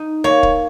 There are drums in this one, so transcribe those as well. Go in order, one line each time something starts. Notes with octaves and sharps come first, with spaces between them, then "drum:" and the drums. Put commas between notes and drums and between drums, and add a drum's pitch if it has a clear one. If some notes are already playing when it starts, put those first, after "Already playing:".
Already playing: D#4
A#3 C#5
drum: kick